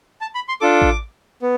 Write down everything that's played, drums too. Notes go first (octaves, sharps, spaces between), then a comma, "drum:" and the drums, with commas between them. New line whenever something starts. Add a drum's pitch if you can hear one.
A5
B5
C6
D4 F4 A4 D6
drum: kick A1
B3